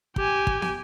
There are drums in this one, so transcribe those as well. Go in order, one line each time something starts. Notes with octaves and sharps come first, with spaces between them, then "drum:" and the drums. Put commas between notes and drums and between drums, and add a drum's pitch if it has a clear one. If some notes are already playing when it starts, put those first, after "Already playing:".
G4 G#5, drum: kick
drum: kick
drum: snare